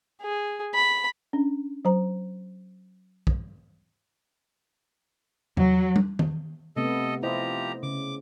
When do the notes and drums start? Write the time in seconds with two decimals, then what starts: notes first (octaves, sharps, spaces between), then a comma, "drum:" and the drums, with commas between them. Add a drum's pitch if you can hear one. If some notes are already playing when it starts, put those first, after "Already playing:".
0.22 G#4
0.75 B5
1.33 C#4 D4
1.85 F#3 C5 A#5
3.27 drum: kick
5.57 F#3, drum: tom E2
5.96 drum: tom G3
6.19 drum: tom D#3
6.76 C3 A3 B3 A4 D#5
7.23 F3 E4 G4 C5 D#5 A#5
7.83 C#3 D6